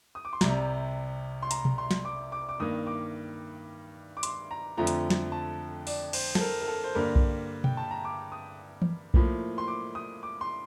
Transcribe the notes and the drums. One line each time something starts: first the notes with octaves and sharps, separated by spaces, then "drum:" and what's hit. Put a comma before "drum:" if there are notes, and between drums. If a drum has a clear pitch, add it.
D#6
D6
C6
C2 C3 G3 A#5, drum: snare
C6
A#5, drum: hi-hat
drum: tom B2
C6
drum: snare
D6
D6
D6
G2 D#3 A#3 D#6
D6
D6
C6, drum: hi-hat
A#5
F2 D3 F3 A3 A#5
drum: hi-hat
drum: snare
A5
D5, drum: open hi-hat
C5, drum: cymbal
A4, drum: snare
A#4
A#4
A4
C5
G2 D3 G3 A#3 A#4
drum: kick B1
G5, drum: tom B2
A5
A#5
D6
D#6
drum: tom E3
A2 F3 A#3, drum: kick B1
C6
D6
D#6
D6
C6